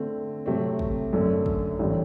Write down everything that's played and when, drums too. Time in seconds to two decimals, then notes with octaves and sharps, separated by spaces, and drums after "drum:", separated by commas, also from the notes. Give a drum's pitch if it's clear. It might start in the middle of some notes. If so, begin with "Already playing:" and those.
Already playing: D3 A3 C4
0.46 C3 F#3 A3 C4
0.79 drum: kick
1.13 F#2 D3 A3
1.46 drum: kick
1.79 A1 D3 G3 C4